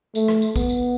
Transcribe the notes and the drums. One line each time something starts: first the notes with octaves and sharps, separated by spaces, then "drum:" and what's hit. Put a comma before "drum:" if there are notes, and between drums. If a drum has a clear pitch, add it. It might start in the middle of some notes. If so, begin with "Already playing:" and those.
A3, drum: tambourine
drum: rim click
drum: tambourine
B3, drum: kick, tambourine
drum: tambourine